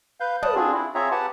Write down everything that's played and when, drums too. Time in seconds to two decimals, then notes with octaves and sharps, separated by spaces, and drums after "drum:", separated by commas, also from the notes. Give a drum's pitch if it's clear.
0.20 B4 F5 G6
0.43 G3 A5 D#6 F#6, drum: tom
0.55 C4 D4 F4 F#4 G#4
0.73 E4
0.95 C4 F4 G#4 C#5 E5 A#5
1.11 G4 B4 F#5 A5